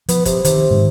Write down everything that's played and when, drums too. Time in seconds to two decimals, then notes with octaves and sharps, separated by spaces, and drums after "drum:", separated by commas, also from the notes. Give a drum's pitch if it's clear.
0.09 F3 B3, drum: hi-hat
0.25 C3, drum: kick, hi-hat
0.45 C3 D#3, drum: hi-hat
0.70 G#2 D#3